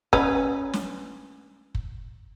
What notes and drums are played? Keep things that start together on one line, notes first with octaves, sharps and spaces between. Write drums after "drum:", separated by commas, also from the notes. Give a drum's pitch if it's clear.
C#4 B4, drum: kick
drum: snare
drum: kick